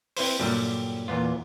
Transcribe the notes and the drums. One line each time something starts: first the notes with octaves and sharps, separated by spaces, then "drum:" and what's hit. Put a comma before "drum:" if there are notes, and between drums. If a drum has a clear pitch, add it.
C4 E4 B4 C5, drum: open hi-hat
G2 A#2 D3 F#3 G3
E2 A#2 B3 F4